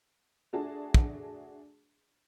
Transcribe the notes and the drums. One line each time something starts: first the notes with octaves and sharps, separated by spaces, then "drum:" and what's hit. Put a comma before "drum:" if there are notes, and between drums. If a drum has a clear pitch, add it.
A3 D4 F#4 G#4 A5
drum: kick